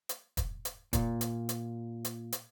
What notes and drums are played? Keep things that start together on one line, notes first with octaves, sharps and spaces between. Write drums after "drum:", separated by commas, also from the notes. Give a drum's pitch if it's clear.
drum: hi-hat
drum: kick, hi-hat
drum: hi-hat
A#2, drum: kick, hi-hat
drum: hi-hat
drum: hi-hat
drum: hi-hat
drum: hi-hat